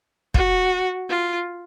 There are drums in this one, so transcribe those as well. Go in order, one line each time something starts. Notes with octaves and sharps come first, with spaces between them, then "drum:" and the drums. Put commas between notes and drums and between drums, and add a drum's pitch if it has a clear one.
F#4, drum: kick
F4